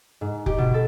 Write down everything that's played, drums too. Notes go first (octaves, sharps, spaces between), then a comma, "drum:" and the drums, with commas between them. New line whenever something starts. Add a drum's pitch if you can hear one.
G#2
G4, drum: kick F1
B2
A4